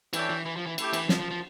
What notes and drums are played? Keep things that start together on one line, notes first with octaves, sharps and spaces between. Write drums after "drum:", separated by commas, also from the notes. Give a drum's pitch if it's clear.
E3 D4 A4 C#5 E5 G5, drum: cymbal
E3
E3
F3
E3
A3 E4 G4, drum: cymbal
E3, drum: cymbal
F3, drum: snare
F3
F3